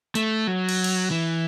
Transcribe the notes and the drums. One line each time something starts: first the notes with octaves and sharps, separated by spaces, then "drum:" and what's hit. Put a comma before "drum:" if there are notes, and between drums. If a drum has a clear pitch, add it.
A3, drum: hi-hat
F#3
drum: cymbal
drum: cymbal
E3